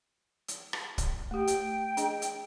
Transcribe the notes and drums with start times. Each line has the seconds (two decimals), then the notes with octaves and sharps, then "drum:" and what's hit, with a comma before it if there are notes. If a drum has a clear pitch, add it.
0.48 drum: hi-hat
0.73 drum: rim click
0.98 drum: kick, hi-hat
1.31 A3 G4 G5
1.47 drum: hi-hat
1.97 D4 G#4 D#5, drum: hi-hat
2.22 drum: hi-hat